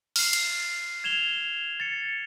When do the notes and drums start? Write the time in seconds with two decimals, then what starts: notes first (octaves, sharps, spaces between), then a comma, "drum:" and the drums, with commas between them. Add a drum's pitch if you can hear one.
0.16 F6 C7, drum: open hi-hat
0.33 drum: cymbal
1.04 G#6 E7 F7 G7
1.80 A6 C#7